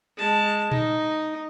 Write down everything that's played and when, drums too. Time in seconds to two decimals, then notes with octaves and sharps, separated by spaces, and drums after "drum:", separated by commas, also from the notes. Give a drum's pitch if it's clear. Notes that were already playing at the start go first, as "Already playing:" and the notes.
0.17 G#3 A5
0.72 D#4, drum: tom A#2